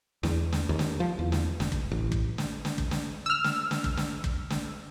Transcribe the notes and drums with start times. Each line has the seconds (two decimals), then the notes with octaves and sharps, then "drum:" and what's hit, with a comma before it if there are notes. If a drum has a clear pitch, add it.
0.23 E2, drum: snare
0.52 drum: snare
0.69 D#2
0.79 drum: snare
1.00 F3
1.19 E2
1.32 drum: snare
1.60 F1, drum: snare
1.72 drum: kick
1.92 A1
2.12 drum: kick
2.38 drum: snare
2.65 drum: snare
2.78 drum: kick
2.91 drum: snare
3.26 E6 F6
3.44 drum: snare
3.71 drum: snare
3.84 drum: kick
3.97 drum: snare
4.24 drum: kick
4.50 drum: snare